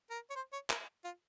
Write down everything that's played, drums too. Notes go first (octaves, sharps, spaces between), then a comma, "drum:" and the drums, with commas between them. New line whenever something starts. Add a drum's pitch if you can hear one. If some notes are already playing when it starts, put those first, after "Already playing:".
A#4
C#5
C5
C#5
A#4, drum: clap
F4